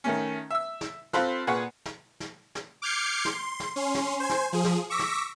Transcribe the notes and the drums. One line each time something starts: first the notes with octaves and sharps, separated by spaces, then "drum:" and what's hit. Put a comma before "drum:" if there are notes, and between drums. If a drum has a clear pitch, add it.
D#3 A3 C#4
E5 E6
drum: snare
C4 F4 A4 C5 B5 F#6, drum: snare
A#2 G#4 B4 F#5 C#6
drum: snare
drum: snare
drum: snare
D6 F6 G6 G#6 C7 C#7
C6, drum: snare
drum: snare
C#4 C6
drum: snare
C5 G#5
drum: snare
F3 G#4
drum: snare
C#6 D6 E6 A#6 B6
drum: snare